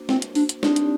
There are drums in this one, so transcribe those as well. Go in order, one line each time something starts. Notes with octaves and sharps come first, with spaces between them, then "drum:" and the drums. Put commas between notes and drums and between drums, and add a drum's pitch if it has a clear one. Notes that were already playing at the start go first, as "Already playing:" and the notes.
Already playing: A#3 D4 F#4 C5
C4, drum: snare
drum: hi-hat
D4, drum: open hi-hat
drum: hi-hat
C4 D4 D#4 G4 D5, drum: snare
drum: hi-hat